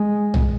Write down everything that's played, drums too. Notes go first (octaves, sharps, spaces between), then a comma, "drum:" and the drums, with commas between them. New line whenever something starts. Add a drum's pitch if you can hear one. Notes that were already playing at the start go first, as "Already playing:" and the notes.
Already playing: G#3
drum: tom